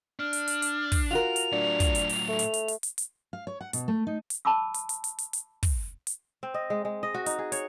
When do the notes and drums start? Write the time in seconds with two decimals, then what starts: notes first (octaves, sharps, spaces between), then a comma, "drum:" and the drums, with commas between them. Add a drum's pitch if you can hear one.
0.19 D4 F6
0.33 drum: hi-hat
0.48 drum: hi-hat
0.62 drum: hi-hat
0.92 drum: kick, open hi-hat
1.11 F4 F#4 A#4 F7
1.36 drum: hi-hat
1.52 A2 F#3 D4
1.80 drum: kick, hi-hat
1.95 drum: hi-hat
2.09 drum: open hi-hat
2.28 A3
2.39 drum: hi-hat
2.54 drum: hi-hat
2.68 drum: hi-hat
2.83 drum: hi-hat
2.98 drum: hi-hat
3.33 F5
3.47 C#5
3.61 F#5
3.73 B2, drum: hi-hat
3.88 A3
4.07 D#4
4.30 drum: hi-hat
4.45 A5 B5 D6 E6
4.74 drum: hi-hat
4.89 drum: hi-hat
5.04 drum: hi-hat
5.18 drum: hi-hat
5.33 drum: hi-hat
5.63 drum: kick, open hi-hat
6.07 drum: hi-hat
6.43 C4
6.54 D#5
6.70 G#3
6.85 G#3
7.03 D#5
7.15 F#4
7.26 D#4, drum: hi-hat
7.39 G#4
7.52 C#5, drum: hi-hat